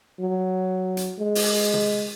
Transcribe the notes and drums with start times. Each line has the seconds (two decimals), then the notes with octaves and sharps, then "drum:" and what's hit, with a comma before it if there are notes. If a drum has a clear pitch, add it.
0.20 F#3
0.97 drum: hi-hat
1.19 G#3
1.35 drum: open hi-hat
1.74 drum: tom